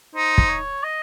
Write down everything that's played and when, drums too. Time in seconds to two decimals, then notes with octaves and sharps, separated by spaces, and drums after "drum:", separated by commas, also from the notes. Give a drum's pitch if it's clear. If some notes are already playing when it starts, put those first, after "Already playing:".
0.15 D#4 C5
0.38 drum: kick
0.49 C#5
0.84 D#5